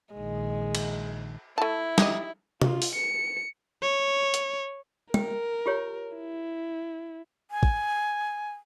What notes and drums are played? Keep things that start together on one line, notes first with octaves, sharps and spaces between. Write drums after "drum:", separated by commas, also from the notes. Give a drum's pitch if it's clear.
A#1 D#3 G#3
drum: cymbal
A3 E4 A5
D#4 G4 D#5, drum: snare
F4, drum: tom
drum: open hi-hat
C#7
C#5
drum: hi-hat
A#4 G5, drum: tom
F4 G4 C#5
E4
G#5
drum: kick